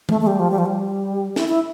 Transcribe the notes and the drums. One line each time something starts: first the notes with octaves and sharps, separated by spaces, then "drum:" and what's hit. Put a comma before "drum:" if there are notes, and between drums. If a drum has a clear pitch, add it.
A3, drum: tom
A3
G3
F3
G3
F3
G3
E4, drum: snare
E4